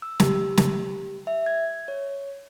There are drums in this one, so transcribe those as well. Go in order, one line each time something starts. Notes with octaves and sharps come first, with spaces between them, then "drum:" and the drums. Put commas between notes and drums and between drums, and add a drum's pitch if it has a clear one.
E6
G4, drum: snare
drum: snare
E5
G#6
C#5